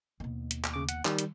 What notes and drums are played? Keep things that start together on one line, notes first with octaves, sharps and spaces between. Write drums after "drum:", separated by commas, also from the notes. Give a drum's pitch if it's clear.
D#2 B2
drum: hi-hat
drum: clap
C#3 D6
F#5, drum: hi-hat
D#3 G3, drum: clap
drum: hi-hat